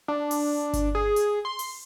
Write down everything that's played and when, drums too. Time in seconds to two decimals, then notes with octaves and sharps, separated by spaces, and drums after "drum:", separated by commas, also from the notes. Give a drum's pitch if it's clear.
0.08 D4
0.31 drum: open hi-hat
0.73 drum: kick G1, hi-hat
0.95 G#4
1.16 drum: hi-hat
1.45 C6
1.59 drum: open hi-hat